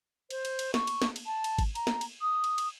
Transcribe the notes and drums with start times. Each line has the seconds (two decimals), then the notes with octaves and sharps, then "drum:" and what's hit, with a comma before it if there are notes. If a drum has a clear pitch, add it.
0.30 C5, drum: cymbal
0.45 drum: cymbal
0.59 drum: cymbal
0.74 C#6, drum: snare
0.87 drum: cymbal
1.02 drum: snare
1.16 drum: cymbal
1.26 A5
1.44 drum: cymbal
1.58 drum: kick G#1, cymbal
1.75 A#5, drum: cymbal
1.87 drum: snare
2.01 drum: cymbal
2.22 D#6
2.44 drum: cymbal
2.58 drum: cymbal